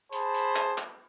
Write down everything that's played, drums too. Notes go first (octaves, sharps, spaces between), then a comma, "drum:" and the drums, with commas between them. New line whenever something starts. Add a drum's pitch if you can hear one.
G#4 C5 A5 B5, drum: hi-hat
drum: hi-hat
drum: clap
drum: clap